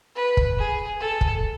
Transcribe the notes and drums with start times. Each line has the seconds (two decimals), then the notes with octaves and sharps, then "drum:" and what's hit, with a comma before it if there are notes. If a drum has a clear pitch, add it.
0.16 B4
0.37 drum: kick
0.59 G#4
1.01 A4
1.21 drum: kick